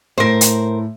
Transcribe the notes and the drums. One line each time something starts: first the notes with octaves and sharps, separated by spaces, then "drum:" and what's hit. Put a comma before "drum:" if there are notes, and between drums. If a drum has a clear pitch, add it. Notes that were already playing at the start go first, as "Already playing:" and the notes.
A2 A#4 C5
drum: hi-hat